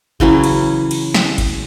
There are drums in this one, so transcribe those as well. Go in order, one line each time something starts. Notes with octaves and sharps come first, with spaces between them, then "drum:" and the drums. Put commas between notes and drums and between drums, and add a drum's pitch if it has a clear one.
C#3 E3 F#3 C#4, drum: kick G1
drum: cymbal
drum: cymbal
drum: snare
drum: kick G1, cymbal